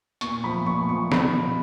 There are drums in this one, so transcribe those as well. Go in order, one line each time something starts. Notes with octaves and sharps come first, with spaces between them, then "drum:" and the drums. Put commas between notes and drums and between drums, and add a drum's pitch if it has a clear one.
A#2 C#6, drum: hi-hat
F3 B5
A#2 C#6
F3 C#6
B2 B5, drum: snare
B2